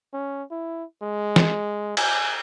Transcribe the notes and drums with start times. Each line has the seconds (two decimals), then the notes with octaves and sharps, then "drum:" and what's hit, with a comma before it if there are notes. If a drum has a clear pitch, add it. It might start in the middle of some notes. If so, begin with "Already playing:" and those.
0.13 C#4
0.51 E4
1.02 G#3
1.36 drum: snare
1.97 G#5, drum: cymbal